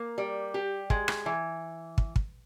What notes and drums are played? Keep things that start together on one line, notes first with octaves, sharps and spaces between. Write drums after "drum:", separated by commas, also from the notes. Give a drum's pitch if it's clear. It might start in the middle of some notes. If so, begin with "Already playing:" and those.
Already playing: A#3
G3
G4
G#3, drum: kick
drum: rim click
E3
drum: kick
drum: kick